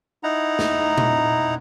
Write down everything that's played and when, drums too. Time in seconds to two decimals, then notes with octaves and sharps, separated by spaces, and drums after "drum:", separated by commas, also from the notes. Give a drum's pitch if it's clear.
0.23 D#4 E4 F#5 A#5
0.59 drum: snare
0.98 drum: tom A#2